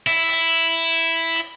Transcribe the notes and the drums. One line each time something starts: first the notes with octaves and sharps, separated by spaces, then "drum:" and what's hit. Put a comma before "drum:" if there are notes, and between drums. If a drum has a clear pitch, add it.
E4, drum: open hi-hat
drum: open hi-hat
drum: open hi-hat